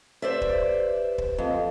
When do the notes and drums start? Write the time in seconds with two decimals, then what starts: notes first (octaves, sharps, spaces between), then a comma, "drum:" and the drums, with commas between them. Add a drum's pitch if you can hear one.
0.22 G4 B4 C5 D5 E5
0.42 drum: kick
1.18 drum: kick
1.38 F2 A4 D#5 F5